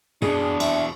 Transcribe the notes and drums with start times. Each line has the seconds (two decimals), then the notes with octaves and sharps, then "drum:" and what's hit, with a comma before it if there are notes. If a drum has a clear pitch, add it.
0.22 E2 B2 D4 G#4, drum: tom F#2
0.60 C4 E5 C#6, drum: cymbal